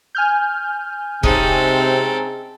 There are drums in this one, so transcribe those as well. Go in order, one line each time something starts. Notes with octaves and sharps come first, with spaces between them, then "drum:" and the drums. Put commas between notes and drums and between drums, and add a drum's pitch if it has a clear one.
G#5 F6 G6
C3 G#3 C4 C#4 D#4 A4, drum: kick